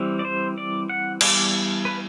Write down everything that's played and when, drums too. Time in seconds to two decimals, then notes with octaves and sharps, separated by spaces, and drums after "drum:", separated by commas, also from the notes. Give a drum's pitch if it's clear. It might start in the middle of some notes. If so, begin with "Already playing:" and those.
Already playing: E3 G3 C4
0.19 D5
0.25 C5
0.58 D5
0.89 F#5
1.21 E3 G3 B3 D5, drum: cymbal
1.85 B4